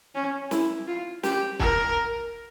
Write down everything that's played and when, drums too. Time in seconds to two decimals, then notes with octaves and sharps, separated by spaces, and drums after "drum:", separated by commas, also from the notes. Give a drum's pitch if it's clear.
0.15 C#4
0.51 E4, drum: snare
0.87 F4
1.23 G4, drum: snare
1.59 A#4, drum: kick